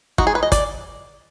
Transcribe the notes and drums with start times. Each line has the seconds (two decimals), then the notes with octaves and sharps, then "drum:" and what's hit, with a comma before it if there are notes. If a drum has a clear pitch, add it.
0.18 G#3 D#4 F#4, drum: kick
0.27 G#4
0.35 B4
0.43 D#5
0.52 D5, drum: kick, hi-hat